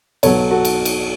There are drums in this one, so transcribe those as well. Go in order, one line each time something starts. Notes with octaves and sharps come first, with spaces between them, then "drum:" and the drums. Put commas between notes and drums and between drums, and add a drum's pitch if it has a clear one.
B1 B2 F#3 A4 C#5, drum: cymbal
F#4 A4
drum: cymbal
drum: cymbal